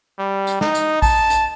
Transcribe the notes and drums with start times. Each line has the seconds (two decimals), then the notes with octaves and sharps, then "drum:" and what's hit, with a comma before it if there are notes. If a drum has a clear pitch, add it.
0.19 G3
0.47 drum: hi-hat
0.61 D#4, drum: snare
0.75 drum: hi-hat
1.02 A5, drum: kick, open hi-hat
1.30 drum: hi-hat